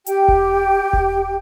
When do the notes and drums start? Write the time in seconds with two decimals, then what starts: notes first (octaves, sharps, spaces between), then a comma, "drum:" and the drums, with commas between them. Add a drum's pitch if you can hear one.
0.06 G4 G5, drum: hi-hat
0.28 drum: kick E1
0.93 drum: kick E1